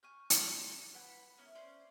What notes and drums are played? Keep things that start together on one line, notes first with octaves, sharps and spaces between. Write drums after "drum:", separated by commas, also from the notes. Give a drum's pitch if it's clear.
G#5 C#6 F6 G6
A#5 C6 C#6, drum: hi-hat
B4 F#5 G#5 B5
B3 C#4 E4 A#4
C#4 C5 D5